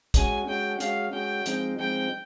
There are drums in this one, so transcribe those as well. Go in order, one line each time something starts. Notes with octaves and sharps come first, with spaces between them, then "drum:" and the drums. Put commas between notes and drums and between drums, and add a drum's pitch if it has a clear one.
G#3 C#4 F#4 G#5, drum: kick A#1, hi-hat
G#3 C#4 F#4 G5
G#3 C#4 F#4 F5, drum: hi-hat
G#3 C#4 F#4 G5
F3 G#3 C4 D#4, drum: hi-hat
F3 G#3 C4 D#4 G5